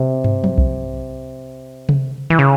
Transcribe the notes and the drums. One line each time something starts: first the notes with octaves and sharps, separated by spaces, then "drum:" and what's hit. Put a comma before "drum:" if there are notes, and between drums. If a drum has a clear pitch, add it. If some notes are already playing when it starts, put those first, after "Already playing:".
Already playing: C3
drum: tom
drum: tom F3
drum: kick B1
drum: tom C3
E3
C#3